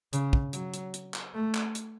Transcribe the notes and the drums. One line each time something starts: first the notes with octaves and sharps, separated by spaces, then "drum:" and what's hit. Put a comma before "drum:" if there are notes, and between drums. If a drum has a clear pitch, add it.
C#3, drum: hi-hat
drum: kick
F#3, drum: hi-hat
drum: hi-hat
drum: hi-hat
drum: clap
A3
drum: clap
drum: hi-hat